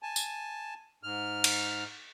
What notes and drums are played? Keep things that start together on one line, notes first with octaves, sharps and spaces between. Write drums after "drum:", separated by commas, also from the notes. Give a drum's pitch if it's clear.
G#5 A5
drum: tambourine
G#2 F6
drum: cymbal